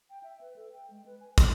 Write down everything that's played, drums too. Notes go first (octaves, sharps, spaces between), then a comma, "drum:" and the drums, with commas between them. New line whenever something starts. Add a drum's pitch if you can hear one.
G5
E5
B4
A4
G5
G#3
B4
G#5
A4, drum: kick, hi-hat